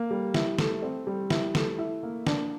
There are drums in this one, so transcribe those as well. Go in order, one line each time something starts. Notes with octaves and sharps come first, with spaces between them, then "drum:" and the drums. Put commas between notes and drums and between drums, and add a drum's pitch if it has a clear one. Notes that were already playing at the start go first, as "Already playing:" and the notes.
Already playing: A#3
G3
E4, drum: snare
A3, drum: snare
C4
G3
E4, drum: snare
A3, drum: snare
E4
A#3
D4, drum: snare